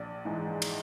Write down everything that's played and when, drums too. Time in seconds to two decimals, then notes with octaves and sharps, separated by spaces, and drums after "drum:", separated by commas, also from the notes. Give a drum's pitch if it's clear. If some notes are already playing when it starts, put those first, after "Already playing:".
Already playing: A#1 D5
0.25 G#2 E3 G#3
0.62 drum: cymbal